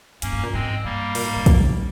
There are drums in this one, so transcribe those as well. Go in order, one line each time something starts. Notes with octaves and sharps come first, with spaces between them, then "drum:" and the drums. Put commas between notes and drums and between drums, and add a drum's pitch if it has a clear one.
G2 A#3 C#4, drum: hi-hat
G2
A#2
G#2 G#3 C4
G2 G3 A#3
A#2, drum: open hi-hat
G#2
G2
F2, drum: kick, hi-hat
G2